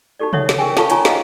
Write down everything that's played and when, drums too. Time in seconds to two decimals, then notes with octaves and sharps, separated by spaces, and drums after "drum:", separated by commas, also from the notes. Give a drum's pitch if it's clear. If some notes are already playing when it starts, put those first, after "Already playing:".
0.19 D#4 F#4 G4 A4 D5
0.33 A4 C#5 E5 F#5 D#6, drum: tom C3
0.49 drum: snare
0.58 G#4 A#4 G5 G#5
0.77 F4 A4 F5 A5 B5 C#6, drum: snare
0.90 D#4 F4 C#5 G#5 A#5 C#6, drum: hi-hat
1.05 F#4 A4 C5 D#5 F5 F#5, drum: snare